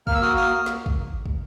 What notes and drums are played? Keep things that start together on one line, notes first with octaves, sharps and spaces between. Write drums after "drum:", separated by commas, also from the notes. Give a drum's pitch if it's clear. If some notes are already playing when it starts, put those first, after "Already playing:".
A#3 F6, drum: kick
E6
F#4 D#6 F6
A#3 D#6 F6
A#3
drum: snare
drum: kick
drum: kick